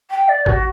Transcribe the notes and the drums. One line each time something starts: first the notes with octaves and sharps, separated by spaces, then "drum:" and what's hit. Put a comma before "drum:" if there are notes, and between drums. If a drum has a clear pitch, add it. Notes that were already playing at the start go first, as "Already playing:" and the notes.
G5
D5
F#4, drum: kick A1